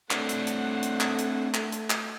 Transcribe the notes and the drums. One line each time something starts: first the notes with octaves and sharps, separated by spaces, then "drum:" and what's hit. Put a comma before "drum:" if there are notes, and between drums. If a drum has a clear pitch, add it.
A3 C4 D4 F#5, drum: clap
drum: hi-hat
drum: hi-hat
drum: hi-hat
drum: clap
drum: hi-hat
drum: clap
drum: hi-hat
drum: clap